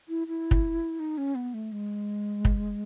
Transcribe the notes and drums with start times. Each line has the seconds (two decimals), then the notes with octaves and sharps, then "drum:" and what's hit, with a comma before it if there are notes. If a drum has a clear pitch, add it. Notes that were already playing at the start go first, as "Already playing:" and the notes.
0.09 E4
0.27 E4
0.51 drum: kick
1.00 D#4
1.18 C#4
1.35 B3
1.54 A3
1.72 G#3
2.45 drum: kick